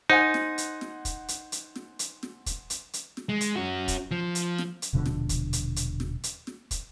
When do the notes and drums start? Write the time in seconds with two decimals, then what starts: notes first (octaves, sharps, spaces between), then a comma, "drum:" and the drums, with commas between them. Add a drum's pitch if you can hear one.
0.10 D#4 C5 F#5 G#5
0.34 drum: snare
0.58 drum: hi-hat
0.81 drum: snare
1.05 drum: kick, hi-hat
1.28 drum: hi-hat
1.52 drum: hi-hat
1.76 drum: snare
1.99 drum: hi-hat
2.23 drum: snare
2.46 drum: kick, hi-hat
2.70 drum: hi-hat
2.93 drum: hi-hat
3.17 drum: snare
3.29 G#3
3.41 drum: hi-hat
3.56 C#4 F#4
3.88 drum: kick, hi-hat
4.11 F3
4.35 drum: hi-hat
4.58 drum: snare
4.82 drum: hi-hat
4.93 D#1 B2 D3 F3
5.06 drum: snare
5.29 drum: kick, hi-hat
5.53 drum: hi-hat
5.76 drum: hi-hat
6.00 drum: snare
6.24 drum: hi-hat
6.47 drum: snare
6.71 drum: kick, hi-hat